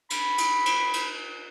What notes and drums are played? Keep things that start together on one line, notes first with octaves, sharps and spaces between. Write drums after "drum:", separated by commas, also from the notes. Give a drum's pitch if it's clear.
B5, drum: cymbal
drum: cymbal
drum: cymbal
drum: cymbal